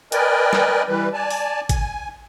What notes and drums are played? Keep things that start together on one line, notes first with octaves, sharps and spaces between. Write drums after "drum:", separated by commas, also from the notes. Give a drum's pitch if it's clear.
A#4 B4 D5 D#5 G5 G#5, drum: hi-hat
drum: snare
E3 G3 B4
D5 G#5 A5
drum: open hi-hat
G#5, drum: kick G#1, hi-hat